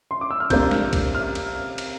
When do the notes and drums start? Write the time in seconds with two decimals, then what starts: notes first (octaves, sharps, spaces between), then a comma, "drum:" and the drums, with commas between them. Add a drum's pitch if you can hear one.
0.11 C6
0.21 D6
0.31 E6
0.40 F6
0.50 C3 F3 A#3 D4 G6, drum: kick, cymbal
0.71 drum: snare
0.93 drum: kick, cymbal
1.15 F6
1.35 drum: cymbal
1.78 drum: cymbal